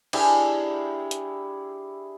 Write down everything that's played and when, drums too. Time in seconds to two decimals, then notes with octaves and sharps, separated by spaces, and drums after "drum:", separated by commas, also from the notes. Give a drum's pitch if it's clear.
0.13 D4 E4 G4 G#4, drum: cymbal
1.11 drum: hi-hat